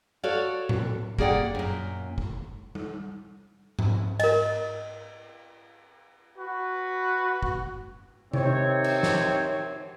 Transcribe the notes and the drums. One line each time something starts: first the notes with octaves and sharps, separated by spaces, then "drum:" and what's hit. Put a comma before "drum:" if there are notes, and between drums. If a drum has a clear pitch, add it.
F#4 A4 C#5 D5 F5
drum: tom A2
A#3 G#4 D5 F#5 G5, drum: kick
F#2 A#2
drum: kick
drum: tom G3
drum: tom G#2
A#4 D#5, drum: cymbal
F#4 B4
drum: kick
C3 D#3 C4 C#5, drum: tom C3
drum: cymbal
drum: snare